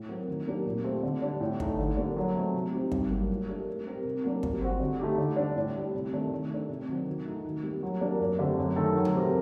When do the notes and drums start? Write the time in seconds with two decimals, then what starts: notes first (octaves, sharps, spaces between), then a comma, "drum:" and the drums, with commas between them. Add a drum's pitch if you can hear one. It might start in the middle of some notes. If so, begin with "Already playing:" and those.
Already playing: A2
0.08 F#3 C4 F#4 A#4
0.28 D#3
0.47 F#3 A#3 D4 G4
0.66 A#2
0.84 A3 C4 G4
1.03 D3
1.22 G3 D4
1.40 A2
1.60 A3 D#4, drum: kick
1.79 D3
1.97 G3 A#3 D4
2.17 F#3
2.36 A3 C4
2.54 C3
2.72 G3 C4 D#4 G4
2.92 G2, drum: kick
3.11 F#3 A#3 F#4
3.30 A2
3.48 A3 D4 G4 A#4
3.67 G3
3.86 C4 G4 A#4
4.05 C3
4.24 F#3 A#3 D4
4.43 G3, drum: kick
4.62 C4 F#4
4.80 D3
5.00 A3 D#4 G4
5.18 D3
5.36 G3 D4
5.56 A2
5.74 G3 D4
5.94 C3
6.12 D#3 A3 D4 G4
6.31 D#3
6.50 A3 D4
6.69 C3
6.88 D#3 F#3 C4 F#4
7.07 D#3
7.25 A3 D#4 F#4
7.45 D#3
7.63 G3 A#3
7.83 F#3
8.01 A#3 D4 G4 A#4
8.20 F#2
8.39 D3 A3 C4 G4
8.58 F#2
8.76 D#3 A3 D#4 A4
8.96 F#3
9.05 drum: tom C#3
9.15 A3 C4 G4 A#4